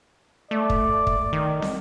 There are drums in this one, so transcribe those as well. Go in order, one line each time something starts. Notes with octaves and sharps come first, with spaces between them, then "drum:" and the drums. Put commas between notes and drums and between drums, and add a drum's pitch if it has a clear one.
A3 D5
drum: kick
drum: kick
D#3
drum: snare